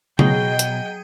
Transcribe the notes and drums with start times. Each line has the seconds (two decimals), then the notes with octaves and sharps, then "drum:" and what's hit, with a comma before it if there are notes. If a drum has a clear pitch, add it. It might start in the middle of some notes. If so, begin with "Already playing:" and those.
0.19 B2 F#3 G#4 D#5 G5, drum: tom C#3
0.59 drum: hi-hat